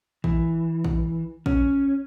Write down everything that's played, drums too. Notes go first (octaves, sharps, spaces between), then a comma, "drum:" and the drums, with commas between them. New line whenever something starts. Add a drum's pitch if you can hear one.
E3, drum: kick
drum: kick
C#4, drum: kick